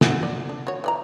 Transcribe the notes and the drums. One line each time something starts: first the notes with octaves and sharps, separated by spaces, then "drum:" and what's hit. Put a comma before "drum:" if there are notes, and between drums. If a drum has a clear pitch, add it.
F#3 G#4 F#5, drum: snare
D5
D4
F#4 C#5
E3 D5 A#5